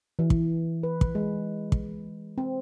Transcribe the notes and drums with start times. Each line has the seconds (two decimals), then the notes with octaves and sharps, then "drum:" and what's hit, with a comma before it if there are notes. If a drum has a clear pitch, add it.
0.19 E3
0.30 drum: kick
0.83 B4
1.01 drum: kick
1.15 G#3
1.72 drum: kick
2.38 C4